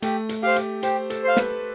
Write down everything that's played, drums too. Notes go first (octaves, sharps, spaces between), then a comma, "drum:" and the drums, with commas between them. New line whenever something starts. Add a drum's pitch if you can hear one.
A3 G4, drum: hi-hat
drum: hi-hat
G4 C5 F5
drum: hi-hat
G4 C5, drum: hi-hat
A4, drum: hi-hat
C5 F5
B4, drum: snare